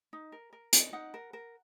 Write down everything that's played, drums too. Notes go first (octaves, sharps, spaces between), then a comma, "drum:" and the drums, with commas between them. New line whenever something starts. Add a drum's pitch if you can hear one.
D#4
A#4
A#4
D#4, drum: hi-hat
D#4 F#5
A#4
A#4